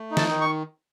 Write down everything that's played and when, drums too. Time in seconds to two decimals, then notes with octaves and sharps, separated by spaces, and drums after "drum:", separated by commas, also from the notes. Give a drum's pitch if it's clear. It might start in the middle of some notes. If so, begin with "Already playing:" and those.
Already playing: A3
0.11 D#4
0.17 A5, drum: snare
0.29 D#3
0.41 C#6